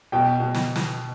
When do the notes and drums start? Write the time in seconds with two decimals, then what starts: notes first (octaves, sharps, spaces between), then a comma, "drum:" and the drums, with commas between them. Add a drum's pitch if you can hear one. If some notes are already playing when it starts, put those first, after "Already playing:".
0.12 B2 G5
0.40 B2
0.54 drum: snare
0.76 drum: snare